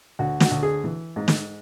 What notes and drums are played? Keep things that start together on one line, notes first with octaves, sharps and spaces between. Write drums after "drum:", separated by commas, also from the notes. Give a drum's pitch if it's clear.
D2 F#4
F#4, drum: snare
D2
G#4
E3
G#2
drum: snare